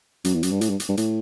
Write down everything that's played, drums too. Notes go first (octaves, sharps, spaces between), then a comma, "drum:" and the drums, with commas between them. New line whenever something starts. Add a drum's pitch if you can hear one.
F#2, drum: hi-hat
E2
F#2, drum: hi-hat
G2
A2, drum: hi-hat
G2
drum: hi-hat
G2
A2, drum: hi-hat